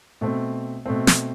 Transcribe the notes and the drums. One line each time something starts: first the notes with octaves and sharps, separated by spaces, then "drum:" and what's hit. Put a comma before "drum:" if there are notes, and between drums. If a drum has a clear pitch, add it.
B2 A3 C4
B2 A3 C4
drum: snare